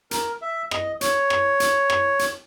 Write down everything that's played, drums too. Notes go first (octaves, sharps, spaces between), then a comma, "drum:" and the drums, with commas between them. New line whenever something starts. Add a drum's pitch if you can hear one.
A#4, drum: hi-hat
E5
D#5, drum: rim click
C#5, drum: hi-hat
drum: rim click
drum: hi-hat
drum: rim click
drum: hi-hat